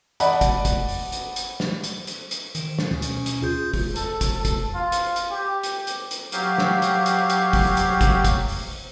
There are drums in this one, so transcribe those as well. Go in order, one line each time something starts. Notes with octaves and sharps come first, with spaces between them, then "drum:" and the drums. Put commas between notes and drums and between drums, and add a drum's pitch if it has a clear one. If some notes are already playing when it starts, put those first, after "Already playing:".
D5 D#5 F#5 A5 B5, drum: hi-hat
drum: kick G1, hi-hat
drum: kick G1, hi-hat
drum: open hi-hat
drum: hi-hat
drum: hi-hat
drum: snare
drum: hi-hat
drum: hi-hat
drum: hi-hat
D#3, drum: hi-hat
drum: snare
D2 B2 C#4
drum: hi-hat
drum: hi-hat
F4 G#4 G6
drum: kick G1, open hi-hat
A4, drum: hi-hat
drum: kick G1, hi-hat
A4
drum: kick G1, hi-hat
F4
drum: hi-hat
drum: hi-hat
G4
drum: hi-hat
drum: hi-hat
drum: hi-hat
F#3 G4 F5, drum: hi-hat
drum: snare
drum: hi-hat
drum: hi-hat
drum: hi-hat
drum: kick G1, open hi-hat
drum: hi-hat
drum: kick G1, hi-hat
drum: kick G1, hi-hat
drum: open hi-hat